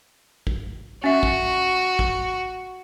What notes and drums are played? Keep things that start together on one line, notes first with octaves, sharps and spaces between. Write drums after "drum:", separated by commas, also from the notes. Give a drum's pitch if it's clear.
drum: kick
C#4 F#4 E5
drum: kick
drum: kick